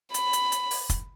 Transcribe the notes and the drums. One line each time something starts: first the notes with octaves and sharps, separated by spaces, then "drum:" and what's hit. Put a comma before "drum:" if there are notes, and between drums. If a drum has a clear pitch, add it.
B5, drum: hi-hat
drum: hi-hat
drum: hi-hat
drum: open hi-hat
drum: kick, hi-hat